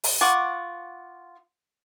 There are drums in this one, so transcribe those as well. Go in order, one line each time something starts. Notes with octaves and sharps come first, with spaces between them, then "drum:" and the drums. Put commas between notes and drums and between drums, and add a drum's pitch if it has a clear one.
drum: open hi-hat
F4 F#5 C#6 D6